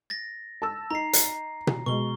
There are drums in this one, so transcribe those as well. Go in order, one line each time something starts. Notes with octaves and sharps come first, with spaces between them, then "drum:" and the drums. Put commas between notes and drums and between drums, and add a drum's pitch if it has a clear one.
A6 A#6
A5 E6
D#4 A#5 C7
drum: hi-hat
drum: tom B2
B2 G#3 C#6 G7